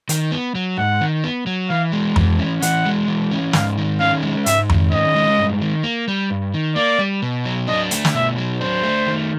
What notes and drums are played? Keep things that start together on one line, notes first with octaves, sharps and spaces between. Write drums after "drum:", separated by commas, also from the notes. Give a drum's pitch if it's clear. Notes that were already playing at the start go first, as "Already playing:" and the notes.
D#3, drum: hi-hat
B3
F#3
G#2 F#5
D#3
B3
F#3
E3 F5
G#3
E3, drum: tom F2
C#4
E3 F#5, drum: hi-hat
G#3
E3
C#4
G#2 F5, drum: snare
D#3
C#4 F5
G#3
G#2 E5, drum: hi-hat
D#3, drum: tom F2
C#4 D#5
G#3
G2
D#3
A#3
G3
G2
D#3
A#3 D5
G3
B2
F#3
D4 D#5
A3, drum: hi-hat
drum: snare
B2 E5
F#3
D4 C5
A3
D#3